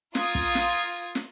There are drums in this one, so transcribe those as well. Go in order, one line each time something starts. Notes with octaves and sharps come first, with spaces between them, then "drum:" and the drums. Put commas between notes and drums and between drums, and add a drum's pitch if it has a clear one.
F4 A#4 D#6 G#6, drum: snare
drum: kick
drum: snare
drum: snare